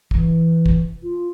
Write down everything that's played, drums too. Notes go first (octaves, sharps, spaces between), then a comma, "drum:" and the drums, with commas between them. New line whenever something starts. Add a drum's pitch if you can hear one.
E3, drum: kick
drum: kick
F4